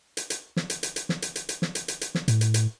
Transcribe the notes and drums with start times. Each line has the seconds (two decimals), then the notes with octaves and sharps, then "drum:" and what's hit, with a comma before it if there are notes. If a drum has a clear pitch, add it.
0.17 drum: hi-hat
0.30 drum: hi-hat
0.56 drum: snare
0.70 drum: hi-hat
0.83 drum: hi-hat
0.96 drum: hi-hat
1.09 drum: snare
1.22 drum: hi-hat
1.36 drum: hi-hat
1.49 drum: hi-hat
1.62 drum: snare
1.75 drum: hi-hat
1.88 drum: hi-hat
2.01 drum: hi-hat
2.15 drum: snare
2.28 A2, drum: hi-hat
2.41 drum: hi-hat
2.54 drum: hi-hat